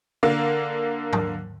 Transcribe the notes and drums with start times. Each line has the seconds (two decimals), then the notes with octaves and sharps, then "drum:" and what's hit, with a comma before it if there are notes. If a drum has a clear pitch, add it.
0.23 D3 A#3
1.13 drum: tom